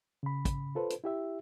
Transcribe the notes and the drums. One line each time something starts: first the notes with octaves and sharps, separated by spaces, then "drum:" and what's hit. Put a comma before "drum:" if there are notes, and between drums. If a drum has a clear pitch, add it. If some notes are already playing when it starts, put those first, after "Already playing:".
C#3 B5
drum: kick, hi-hat
F4 A4 B4 C5
drum: hi-hat
E4 G4 E5